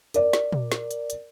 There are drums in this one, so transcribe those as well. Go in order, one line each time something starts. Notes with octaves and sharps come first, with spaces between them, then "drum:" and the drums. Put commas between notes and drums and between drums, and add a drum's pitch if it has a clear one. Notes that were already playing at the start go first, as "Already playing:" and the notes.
A#4 D5, drum: hi-hat
drum: snare
drum: tom A#2
drum: snare
drum: hi-hat
drum: hi-hat